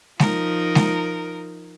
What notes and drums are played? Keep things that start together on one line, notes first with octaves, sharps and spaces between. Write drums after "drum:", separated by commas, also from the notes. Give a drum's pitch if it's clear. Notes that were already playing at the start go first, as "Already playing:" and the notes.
F3 D#4 A#4, drum: snare G#3
drum: snare G#3